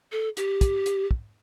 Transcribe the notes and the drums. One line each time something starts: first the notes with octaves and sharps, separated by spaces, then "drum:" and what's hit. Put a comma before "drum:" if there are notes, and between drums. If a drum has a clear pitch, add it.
A4
G4, drum: hi-hat
drum: kick, hi-hat
drum: hi-hat
drum: kick